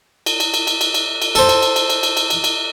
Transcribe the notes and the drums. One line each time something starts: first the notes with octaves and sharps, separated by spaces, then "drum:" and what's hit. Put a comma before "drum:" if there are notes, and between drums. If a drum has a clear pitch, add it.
drum: cymbal
drum: cymbal
drum: cymbal
drum: cymbal
drum: cymbal
drum: cymbal
drum: cymbal
A4 C5, drum: cymbal
drum: cymbal
drum: cymbal
drum: cymbal
drum: cymbal
drum: cymbal
drum: cymbal
drum: cymbal
drum: cymbal